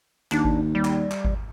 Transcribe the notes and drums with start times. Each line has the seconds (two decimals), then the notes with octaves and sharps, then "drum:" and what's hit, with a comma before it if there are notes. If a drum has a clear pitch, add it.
0.32 D#2 D4, drum: clap
0.45 drum: kick G#1
0.75 G3
0.85 drum: clap
1.11 drum: clap
1.25 drum: kick G#1